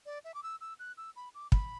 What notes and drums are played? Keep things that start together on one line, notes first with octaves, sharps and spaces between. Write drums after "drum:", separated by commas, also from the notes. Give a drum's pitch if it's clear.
D5
E5
D6
E6
E6
F#6
E6
B5
D6
B5, drum: kick